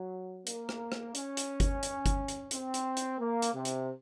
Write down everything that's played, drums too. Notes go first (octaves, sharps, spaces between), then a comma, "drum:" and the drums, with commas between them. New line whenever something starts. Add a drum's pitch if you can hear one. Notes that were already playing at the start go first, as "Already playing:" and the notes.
Already playing: F#3
A#3, drum: hi-hat
drum: rim click
drum: rim click
C#4, drum: hi-hat
drum: hi-hat
drum: kick G1, hi-hat
drum: hi-hat
drum: kick G1, hi-hat
drum: hi-hat
C4, drum: hi-hat
drum: hi-hat
drum: hi-hat
A#3
drum: hi-hat
C3
drum: hi-hat